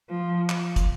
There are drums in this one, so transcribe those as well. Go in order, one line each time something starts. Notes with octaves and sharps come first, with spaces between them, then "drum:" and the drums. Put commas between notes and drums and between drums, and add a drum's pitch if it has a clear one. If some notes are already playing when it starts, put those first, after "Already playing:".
F3
drum: clap
drum: kick, hi-hat